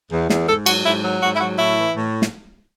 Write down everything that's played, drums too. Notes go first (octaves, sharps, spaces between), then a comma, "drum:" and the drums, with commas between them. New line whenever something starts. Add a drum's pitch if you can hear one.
E2
E2, drum: snare
G#2 A4
F#3 F#4, drum: cymbal
G#2 E4
F#3
G#2 F#4
E4
F#3 F#4
A2 E4
E3
A2
drum: snare